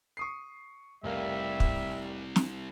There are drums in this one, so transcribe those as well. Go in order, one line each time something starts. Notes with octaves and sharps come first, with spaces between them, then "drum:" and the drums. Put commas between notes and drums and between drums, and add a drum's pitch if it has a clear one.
C#6 D#6 C7
F1 C2 G3 A#4 E5 F5
drum: kick
drum: snare